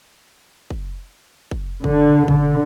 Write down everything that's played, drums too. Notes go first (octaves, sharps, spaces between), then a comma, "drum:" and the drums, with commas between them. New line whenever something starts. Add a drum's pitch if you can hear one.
drum: kick
drum: kick
D3, drum: kick
D3, drum: kick